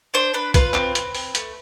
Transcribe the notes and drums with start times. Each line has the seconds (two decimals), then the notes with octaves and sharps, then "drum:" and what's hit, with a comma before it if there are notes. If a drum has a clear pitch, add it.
0.14 D4 C5
0.34 D4 B4
0.54 F4 B4, drum: kick C2, hi-hat
0.74 C4, drum: clap
0.95 C4, drum: hi-hat
1.15 C4, drum: open hi-hat
1.35 A3, drum: hi-hat